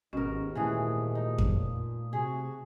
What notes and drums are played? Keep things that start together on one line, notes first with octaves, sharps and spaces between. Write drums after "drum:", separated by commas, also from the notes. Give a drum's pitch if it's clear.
G#1 D#2 G#2 B2 C#4 A#4
A#2 E3 A3 F#4 G#4 D#6
D#4
drum: kick F2
C3 F#4 G#4